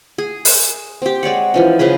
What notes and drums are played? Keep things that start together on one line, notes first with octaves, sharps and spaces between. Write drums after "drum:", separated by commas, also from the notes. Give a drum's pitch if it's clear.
G#4
drum: open hi-hat
C4 G4
G#3 C#5 D5 F#5
E3 F3 C#4
C#3 F3 G#4 B4